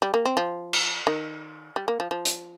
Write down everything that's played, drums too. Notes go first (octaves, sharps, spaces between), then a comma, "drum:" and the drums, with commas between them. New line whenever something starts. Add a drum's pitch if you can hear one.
G3
A#3
C4
F3
drum: cymbal
D#3
G3
A#3
F3
F3
drum: hi-hat